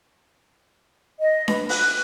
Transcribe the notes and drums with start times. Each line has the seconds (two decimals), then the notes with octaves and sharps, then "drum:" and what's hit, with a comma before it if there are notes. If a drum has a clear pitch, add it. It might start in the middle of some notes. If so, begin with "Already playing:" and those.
1.19 D#5
1.48 B4, drum: snare D4
1.69 F#6, drum: open hi-hat